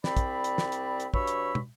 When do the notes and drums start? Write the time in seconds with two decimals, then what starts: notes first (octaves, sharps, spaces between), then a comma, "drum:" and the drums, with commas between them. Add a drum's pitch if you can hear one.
0.04 C2 C4 D5 B5, drum: snare
0.17 drum: kick, hi-hat
0.44 drum: hi-hat
0.58 drum: snare
0.72 drum: hi-hat
1.00 drum: hi-hat
1.14 G2 F#4 C#5 B5 E6, drum: kick
1.27 drum: hi-hat
1.55 drum: tom